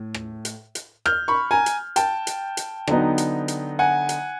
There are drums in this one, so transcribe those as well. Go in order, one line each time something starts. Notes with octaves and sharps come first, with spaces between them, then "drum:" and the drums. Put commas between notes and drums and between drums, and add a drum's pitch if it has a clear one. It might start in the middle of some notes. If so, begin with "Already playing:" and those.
Already playing: A2
drum: rim click
drum: hi-hat
drum: hi-hat
F6 G6, drum: rim click
B5 C#6
G#5 A#5
drum: hi-hat
G5 A5, drum: hi-hat
drum: hi-hat
drum: hi-hat
D3 F#3 B3 D#4, drum: rim click
drum: hi-hat
drum: hi-hat
F#5 G#5
drum: hi-hat